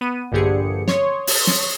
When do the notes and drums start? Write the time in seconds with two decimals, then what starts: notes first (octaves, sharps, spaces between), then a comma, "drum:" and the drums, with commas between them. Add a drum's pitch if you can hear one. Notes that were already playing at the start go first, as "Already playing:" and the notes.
0.01 B3 D#7
0.32 A#1 G2 D3 G4 G#4 C#7
0.88 C#5 C6 C#6 D#6, drum: snare
1.27 drum: open hi-hat
1.47 drum: snare